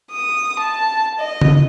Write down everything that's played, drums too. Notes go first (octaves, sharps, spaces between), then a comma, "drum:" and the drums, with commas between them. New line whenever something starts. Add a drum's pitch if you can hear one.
D#6
A5
D#5
drum: tom C#3